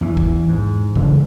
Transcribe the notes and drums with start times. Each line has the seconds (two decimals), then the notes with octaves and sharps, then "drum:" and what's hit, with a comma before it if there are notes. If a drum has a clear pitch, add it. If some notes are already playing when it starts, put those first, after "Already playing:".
0.01 E2 E3
0.17 drum: kick
0.49 G#2
0.95 C#3 E3 F3 G#3, drum: kick